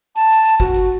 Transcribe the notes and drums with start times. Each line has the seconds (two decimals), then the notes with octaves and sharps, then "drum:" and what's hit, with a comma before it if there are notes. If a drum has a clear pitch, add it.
0.16 A5, drum: tambourine
0.31 drum: tambourine
0.45 drum: tambourine
0.60 F#4, drum: kick, tambourine
0.74 drum: tambourine